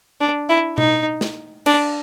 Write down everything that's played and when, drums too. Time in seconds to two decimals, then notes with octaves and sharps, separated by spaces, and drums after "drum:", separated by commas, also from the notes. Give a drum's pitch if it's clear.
0.20 D4
0.49 E4
0.78 D#4, drum: tom B2
1.21 drum: snare
1.66 D4, drum: cymbal